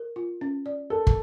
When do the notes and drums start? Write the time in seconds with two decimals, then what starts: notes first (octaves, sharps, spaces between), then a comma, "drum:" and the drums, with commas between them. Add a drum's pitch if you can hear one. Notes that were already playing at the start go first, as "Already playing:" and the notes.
Already playing: A#4
0.16 F4
0.41 C#4
0.66 D5
0.90 A4 A#4
1.07 drum: kick